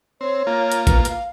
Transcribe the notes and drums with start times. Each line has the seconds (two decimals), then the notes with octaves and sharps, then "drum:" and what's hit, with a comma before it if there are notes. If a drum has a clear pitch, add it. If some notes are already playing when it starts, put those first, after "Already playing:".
0.21 C4 C#5
0.47 A#3 F4
0.72 drum: hi-hat
0.87 B4, drum: kick A#1, hi-hat
1.05 F5, drum: hi-hat